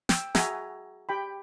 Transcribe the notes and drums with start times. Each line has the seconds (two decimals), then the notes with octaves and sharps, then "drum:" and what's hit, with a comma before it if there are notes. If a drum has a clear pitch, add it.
0.09 G5 E6, drum: snare
0.35 F#4 G#4 E5 G#5 A#5, drum: snare
1.09 G4 G5 B5